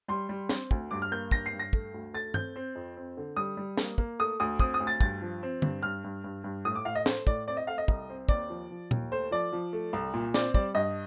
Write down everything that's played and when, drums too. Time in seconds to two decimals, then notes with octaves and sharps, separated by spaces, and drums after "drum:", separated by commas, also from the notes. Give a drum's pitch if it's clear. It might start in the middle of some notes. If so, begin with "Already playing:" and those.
0.08 G3 C6
0.29 G3
0.49 C4, drum: snare
0.71 D2, drum: kick
0.91 G2 D6
1.02 F6
1.11 A#3 G6
1.31 G2 A#6, drum: kick
1.46 C7
1.53 G2
1.59 A#6
1.73 A3, drum: kick
1.94 D2
2.13 A3 A6
2.34 C4 G6, drum: tom
2.56 C4
2.75 F2
2.97 C4
3.17 D3
3.36 G3 D#6
3.57 G3
3.77 A#3, drum: snare
3.98 A#3, drum: kick
4.19 A3 D#6
4.40 D2 D#6
4.60 C4 D#6, drum: kick
4.74 D#6
4.80 D2
4.87 A6
5.01 G2 A6, drum: kick
5.22 F3
5.43 C4
5.62 G2, drum: tom D3
5.83 G2 F6
6.04 G2
6.24 G2
6.44 G2
6.65 A2 D#6
6.75 D6
6.85 A2 F5
6.95 D#5
7.06 A3 C5, drum: snare
7.27 A2 D5, drum: kick
7.47 C4 D5
7.57 D#5
7.67 A3 F5
7.78 D#5
7.88 C2, drum: kick
8.09 C4
8.29 D#2 D5, drum: kick
8.50 F3
8.71 F3
8.91 D#2, drum: tom A#2
9.12 A3 C5
9.31 F3 D5
9.53 F3
9.73 A3
9.93 C2
10.14 A#2
10.34 C4 D5, drum: snare
10.54 G3 D5, drum: kick
10.75 G2 D#5